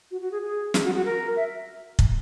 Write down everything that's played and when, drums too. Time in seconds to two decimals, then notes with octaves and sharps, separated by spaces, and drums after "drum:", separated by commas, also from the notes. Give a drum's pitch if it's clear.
0.11 F#4
0.21 F#4
0.32 G#4
0.42 G#4
0.74 G#4, drum: snare
0.84 F#4
0.95 F#4
1.05 A#4
1.36 E5
1.99 drum: kick